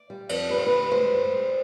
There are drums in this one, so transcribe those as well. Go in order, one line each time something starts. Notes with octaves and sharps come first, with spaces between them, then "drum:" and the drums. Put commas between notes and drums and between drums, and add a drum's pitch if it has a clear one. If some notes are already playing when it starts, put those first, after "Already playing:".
Already playing: D5
G3
F2, drum: cymbal
G3 B4
C5
D2 B4
G#3 C5
G2
G3